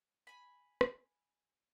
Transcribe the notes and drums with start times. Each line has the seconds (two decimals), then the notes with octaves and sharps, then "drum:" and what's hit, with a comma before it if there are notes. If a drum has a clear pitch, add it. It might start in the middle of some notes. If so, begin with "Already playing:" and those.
0.27 G#5 B5
0.81 drum: rim click